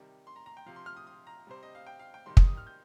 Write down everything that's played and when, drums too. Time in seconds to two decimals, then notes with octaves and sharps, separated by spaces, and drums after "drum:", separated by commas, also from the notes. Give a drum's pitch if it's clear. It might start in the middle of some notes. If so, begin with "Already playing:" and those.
Already playing: C3 D#3 G3
0.27 C6
0.36 A#5
0.46 A#5
0.57 G5
0.66 C3 F3 F5
0.76 C6
0.86 F6
0.97 D#6
1.07 D#6
1.27 A#5
1.47 C3 G3 C5
1.63 D#5
1.75 F5
1.87 G5
2.00 F5
2.14 G5
2.26 C3 D#3 G3 C6
2.37 D#6, drum: kick
2.47 D#6
2.57 F6
2.67 G6